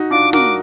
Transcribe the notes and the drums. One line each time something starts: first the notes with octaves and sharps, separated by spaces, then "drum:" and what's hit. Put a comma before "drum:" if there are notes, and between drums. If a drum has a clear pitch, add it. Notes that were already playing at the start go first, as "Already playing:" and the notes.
Already playing: D#4 F#4
D4 F4 D6
F#4 A#4 D6, drum: snare